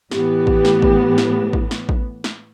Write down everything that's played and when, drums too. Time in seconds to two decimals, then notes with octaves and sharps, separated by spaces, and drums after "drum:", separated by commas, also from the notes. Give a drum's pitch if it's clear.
0.11 A2 E3 B3 G4, drum: snare
0.47 drum: kick A1
0.65 drum: snare
0.82 drum: kick A1
1.18 drum: snare
1.53 drum: kick A1
1.71 drum: snare
1.89 drum: kick A1
2.24 drum: snare